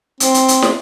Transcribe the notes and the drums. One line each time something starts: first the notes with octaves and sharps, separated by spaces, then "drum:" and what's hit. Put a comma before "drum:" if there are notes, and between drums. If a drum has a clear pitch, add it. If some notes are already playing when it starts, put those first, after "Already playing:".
C4, drum: hi-hat
drum: hi-hat
drum: hi-hat
drum: snare